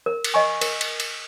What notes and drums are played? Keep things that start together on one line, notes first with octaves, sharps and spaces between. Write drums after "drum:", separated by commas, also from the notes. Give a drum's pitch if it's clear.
A#4
drum: cymbal
D#5 G#5 C#6
A#4, drum: cymbal
drum: cymbal
drum: cymbal